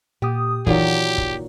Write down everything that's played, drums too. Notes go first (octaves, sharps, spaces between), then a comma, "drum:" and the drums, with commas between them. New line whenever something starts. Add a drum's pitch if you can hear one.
A#2 G4 D#6
A#2 D#3 E3 F#3 G4, drum: kick
drum: kick